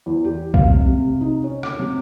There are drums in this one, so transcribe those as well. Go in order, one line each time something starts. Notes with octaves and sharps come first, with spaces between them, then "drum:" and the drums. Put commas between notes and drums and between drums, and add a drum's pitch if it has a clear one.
E2
G4
F5, drum: kick C2
C3
C3
D#4
C#4
D6, drum: rim click
C3